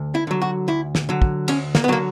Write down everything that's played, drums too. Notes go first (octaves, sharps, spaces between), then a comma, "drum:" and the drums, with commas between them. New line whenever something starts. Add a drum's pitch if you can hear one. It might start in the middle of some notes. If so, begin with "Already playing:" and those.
Already playing: D2
E4
D3 F#3
F#4
D2 E4
drum: snare
D3 F#3
drum: kick
D2 C#4, drum: cymbal
A#3, drum: snare
B3
D3 F#3 A#3